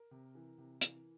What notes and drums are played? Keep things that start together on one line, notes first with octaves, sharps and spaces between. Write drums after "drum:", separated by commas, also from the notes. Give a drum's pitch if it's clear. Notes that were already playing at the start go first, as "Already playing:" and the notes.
Already playing: A#4
C3
E3
C3
E3, drum: hi-hat